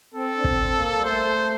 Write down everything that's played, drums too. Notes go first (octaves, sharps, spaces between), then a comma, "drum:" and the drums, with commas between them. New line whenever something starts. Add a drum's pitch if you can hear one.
C4 A4
D4
C4, drum: kick
A#3
G3
A3 C5